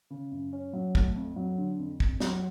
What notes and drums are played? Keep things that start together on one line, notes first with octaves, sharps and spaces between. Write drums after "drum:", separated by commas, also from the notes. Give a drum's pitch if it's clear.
C#3
F#2
C#4
F#3
A3, drum: kick
F2
F#3
D3
F2
F2, drum: kick
F#3, drum: snare